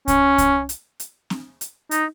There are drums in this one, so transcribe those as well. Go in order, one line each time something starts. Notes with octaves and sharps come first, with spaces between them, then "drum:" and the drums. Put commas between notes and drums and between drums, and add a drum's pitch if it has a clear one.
C#4, drum: kick C2, hi-hat
drum: kick C2, hi-hat
drum: hi-hat
drum: hi-hat
drum: snare C4
drum: hi-hat
D#4, drum: hi-hat